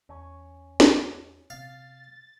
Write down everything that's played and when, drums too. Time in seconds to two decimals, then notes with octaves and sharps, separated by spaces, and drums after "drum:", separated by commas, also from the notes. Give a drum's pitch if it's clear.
0.09 E2 C#4
0.80 drum: snare
1.50 C3 F5 A6